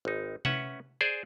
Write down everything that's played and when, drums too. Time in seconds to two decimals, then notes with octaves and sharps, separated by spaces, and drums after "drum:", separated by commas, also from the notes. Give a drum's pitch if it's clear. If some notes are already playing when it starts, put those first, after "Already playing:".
0.05 G#1 D#4
0.45 C#4 B4 E5 F#5, drum: tom C3
1.01 G#4 C5 D5 G#5